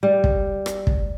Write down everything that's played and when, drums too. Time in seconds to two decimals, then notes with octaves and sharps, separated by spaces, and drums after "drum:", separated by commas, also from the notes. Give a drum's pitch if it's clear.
0.03 G3
0.24 drum: kick
0.66 drum: rim click
0.87 drum: kick